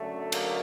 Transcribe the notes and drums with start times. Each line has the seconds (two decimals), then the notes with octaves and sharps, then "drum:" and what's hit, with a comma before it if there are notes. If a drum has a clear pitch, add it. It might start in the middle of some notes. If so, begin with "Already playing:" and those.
Already playing: F#2 D3 F#3 A3
0.32 A#3, drum: cymbal